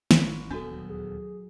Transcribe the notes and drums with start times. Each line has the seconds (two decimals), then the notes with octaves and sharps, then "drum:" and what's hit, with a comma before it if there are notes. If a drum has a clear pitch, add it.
0.11 A1, drum: snare
0.50 D#1 D2 F#3 B3 D4 F#4 A4
0.89 G#4